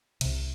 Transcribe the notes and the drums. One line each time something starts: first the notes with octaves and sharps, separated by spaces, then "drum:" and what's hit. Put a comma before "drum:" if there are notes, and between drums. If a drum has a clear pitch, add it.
C2 C3, drum: cymbal